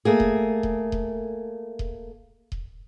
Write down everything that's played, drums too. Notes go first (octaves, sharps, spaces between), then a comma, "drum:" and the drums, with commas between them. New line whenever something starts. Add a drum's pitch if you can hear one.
A3 A#3 G#4
drum: kick D#1
drum: kick D#1
drum: kick D#1
drum: kick D#1
drum: kick D#1